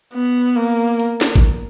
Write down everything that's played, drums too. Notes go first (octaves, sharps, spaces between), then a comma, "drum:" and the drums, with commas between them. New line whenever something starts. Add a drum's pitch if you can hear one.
B3
A#3
drum: hi-hat
drum: snare
drum: kick